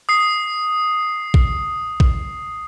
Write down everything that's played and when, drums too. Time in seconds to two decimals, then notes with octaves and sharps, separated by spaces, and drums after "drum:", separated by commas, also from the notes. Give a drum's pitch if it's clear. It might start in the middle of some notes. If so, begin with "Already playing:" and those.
0.09 D#6 C7
1.34 drum: kick
2.00 drum: kick